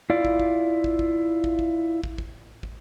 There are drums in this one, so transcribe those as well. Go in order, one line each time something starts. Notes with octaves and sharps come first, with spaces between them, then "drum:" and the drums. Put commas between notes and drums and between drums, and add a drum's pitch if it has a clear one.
E4 F4 D5
drum: kick
drum: kick
drum: kick
drum: kick
drum: kick
drum: kick
drum: kick
drum: kick
drum: kick